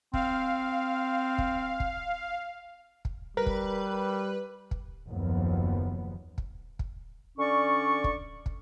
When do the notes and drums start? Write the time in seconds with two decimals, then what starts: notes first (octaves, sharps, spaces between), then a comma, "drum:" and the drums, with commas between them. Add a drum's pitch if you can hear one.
0.14 C4 F5, drum: kick
1.38 drum: kick
1.80 drum: kick
3.05 drum: kick
3.37 G3 A#4 B4
3.46 drum: kick
4.71 drum: kick
5.08 F#1 D#2 F3 B3
6.38 drum: kick
6.79 drum: kick
7.38 D3 C#4 D5 C#6
8.04 drum: kick
8.46 drum: kick